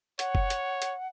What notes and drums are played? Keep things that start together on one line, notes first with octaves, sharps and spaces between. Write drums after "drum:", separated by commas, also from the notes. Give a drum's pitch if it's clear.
C#5 F#5, drum: hi-hat
drum: kick F#1
drum: hi-hat
drum: hi-hat